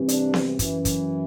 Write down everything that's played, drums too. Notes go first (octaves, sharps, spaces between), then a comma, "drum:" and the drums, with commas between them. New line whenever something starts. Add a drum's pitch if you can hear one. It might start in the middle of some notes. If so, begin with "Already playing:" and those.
Already playing: C2 C3 E3
D4, drum: hi-hat
drum: snare B3
F#2 E3, drum: kick, hi-hat
drum: kick, hi-hat